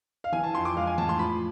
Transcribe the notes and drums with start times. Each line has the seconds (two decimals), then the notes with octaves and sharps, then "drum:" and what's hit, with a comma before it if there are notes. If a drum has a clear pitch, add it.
0.24 F5
0.32 E3 G#5, drum: tom E3
0.44 A5
0.54 F2 C6
0.65 D6
0.76 G#3 F5
0.87 G#5
0.98 A2 A5, drum: tom E3
1.09 C6
1.19 F3 B5